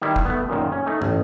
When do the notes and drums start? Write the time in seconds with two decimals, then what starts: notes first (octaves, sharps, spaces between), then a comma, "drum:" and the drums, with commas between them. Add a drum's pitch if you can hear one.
0.02 D#3 G3 E4
0.16 drum: kick
0.25 A3 B3
0.49 F#2 A#2 D#3
0.72 C#4
0.86 A3 D#4
1.02 A1, drum: tom